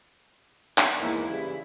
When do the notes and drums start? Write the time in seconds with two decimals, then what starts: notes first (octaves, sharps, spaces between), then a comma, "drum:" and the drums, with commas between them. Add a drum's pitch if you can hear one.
0.78 drum: clap
1.00 E2 G#2 A#3 E4
1.30 C#3 E3 G3